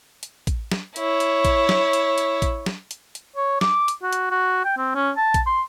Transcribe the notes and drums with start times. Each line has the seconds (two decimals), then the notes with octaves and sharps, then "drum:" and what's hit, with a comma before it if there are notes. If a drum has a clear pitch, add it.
0.23 drum: hi-hat
0.47 drum: kick A1, hi-hat
0.72 drum: snare
0.96 E4 C#5, drum: hi-hat
1.20 drum: hi-hat
1.45 drum: kick A1, hi-hat
1.69 drum: snare
1.93 drum: hi-hat
2.18 drum: hi-hat
2.42 drum: kick A1, hi-hat
2.66 drum: snare
2.91 drum: hi-hat
3.15 drum: hi-hat
3.36 C#5
3.61 D6, drum: snare
3.88 drum: hi-hat
4.03 F#4
4.13 drum: hi-hat
4.31 F#4
4.65 G5
4.78 C4
4.95 C#4
5.17 A5
5.34 drum: kick A1, hi-hat
5.47 C6